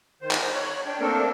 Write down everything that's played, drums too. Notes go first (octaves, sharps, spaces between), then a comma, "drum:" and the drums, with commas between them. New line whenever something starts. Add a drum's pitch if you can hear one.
D#3 C5
drum: clap
D#4
C#5 F#6
D4 G5
A3 A#3 C4 D4 A4 A#4